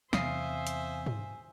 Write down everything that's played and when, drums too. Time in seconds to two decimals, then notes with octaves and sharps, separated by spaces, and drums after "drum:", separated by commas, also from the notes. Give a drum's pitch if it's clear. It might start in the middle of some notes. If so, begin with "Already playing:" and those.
0.13 E2 C3 C5 E5 F5 G#5 D#6 C7, drum: snare
0.67 drum: hi-hat
1.06 drum: tom